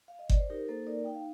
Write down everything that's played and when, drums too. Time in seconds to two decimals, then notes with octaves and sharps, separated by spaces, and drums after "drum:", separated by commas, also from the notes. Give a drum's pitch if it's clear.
0.08 F5
0.19 D#5
0.30 D5, drum: kick G1
0.39 C5
0.50 D#4 G4 A#4
0.68 A#3 A4 C5
0.87 D#4 A#4 D5
1.04 D#4 G5
1.14 F5